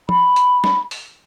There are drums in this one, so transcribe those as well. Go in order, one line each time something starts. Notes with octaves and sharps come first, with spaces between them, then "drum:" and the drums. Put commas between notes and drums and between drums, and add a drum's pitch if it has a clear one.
B5, drum: tom
drum: hi-hat
drum: snare
drum: open hi-hat